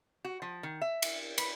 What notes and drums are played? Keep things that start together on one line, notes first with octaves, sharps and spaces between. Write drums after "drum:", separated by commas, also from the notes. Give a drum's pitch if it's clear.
F#4
F3
D#3
E5
drum: cymbal
B4, drum: cymbal